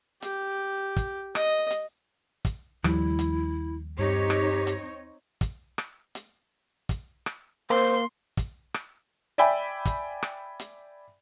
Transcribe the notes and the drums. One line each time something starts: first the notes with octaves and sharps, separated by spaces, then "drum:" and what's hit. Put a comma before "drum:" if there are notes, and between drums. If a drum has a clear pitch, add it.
G4, drum: hi-hat
drum: kick, hi-hat
D#5, drum: rim click
drum: hi-hat
drum: kick, hi-hat
D#2 F3 G3 E4, drum: rim click
drum: hi-hat
G2 C4 D#4 G4 C#5
drum: rim click
drum: hi-hat
drum: kick, hi-hat
drum: rim click
drum: hi-hat
drum: kick, hi-hat
drum: rim click
A#3 C5 C6
drum: kick, hi-hat
drum: rim click
D5 E5 G5 G#5 B5
drum: kick, hi-hat
drum: rim click
drum: hi-hat